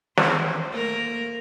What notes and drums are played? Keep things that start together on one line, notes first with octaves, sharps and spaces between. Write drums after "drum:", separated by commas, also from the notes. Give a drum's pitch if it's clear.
C5, drum: snare
A3 A#3 A#4